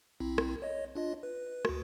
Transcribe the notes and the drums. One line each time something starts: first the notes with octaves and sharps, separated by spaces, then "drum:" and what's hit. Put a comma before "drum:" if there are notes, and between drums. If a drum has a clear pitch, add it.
B1 C4 E4
drum: rim click
C#5 D#5
D4 F4 D#5
B4
D2 F#4, drum: rim click